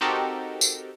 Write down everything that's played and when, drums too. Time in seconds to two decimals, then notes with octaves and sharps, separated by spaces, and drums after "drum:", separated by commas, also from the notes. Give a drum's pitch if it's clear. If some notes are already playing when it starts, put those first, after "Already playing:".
0.01 C4 D#4 F#4 G4 A4 A#4
0.61 drum: tambourine